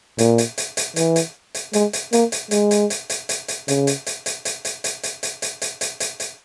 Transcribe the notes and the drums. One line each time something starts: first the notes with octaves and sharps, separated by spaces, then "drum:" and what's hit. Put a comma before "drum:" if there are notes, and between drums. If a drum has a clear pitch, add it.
A#2, drum: hi-hat
drum: hi-hat
drum: hi-hat
drum: hi-hat
E3, drum: hi-hat
drum: hi-hat
drum: hi-hat
G#3, drum: hi-hat
drum: hi-hat
A#3, drum: hi-hat
drum: hi-hat
G#3, drum: hi-hat
drum: hi-hat
drum: hi-hat
drum: hi-hat
drum: hi-hat
drum: hi-hat
C#3, drum: hi-hat
drum: hi-hat
drum: hi-hat
drum: hi-hat
drum: hi-hat
drum: hi-hat
drum: hi-hat
drum: hi-hat
drum: hi-hat
drum: hi-hat
drum: hi-hat
drum: hi-hat
drum: hi-hat
drum: hi-hat